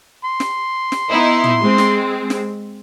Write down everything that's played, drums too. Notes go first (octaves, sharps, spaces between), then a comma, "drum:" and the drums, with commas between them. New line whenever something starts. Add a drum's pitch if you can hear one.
C6
drum: snare
drum: snare
B3 D#4 E4
drum: tom
G#3 C4
drum: snare
drum: snare